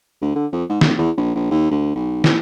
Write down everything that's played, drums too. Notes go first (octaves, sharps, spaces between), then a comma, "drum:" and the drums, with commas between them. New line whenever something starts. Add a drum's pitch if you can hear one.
D2
D3
F2
G#2
F1, drum: snare
E2
A#1
A#1
D#2
D2
B1
E3, drum: snare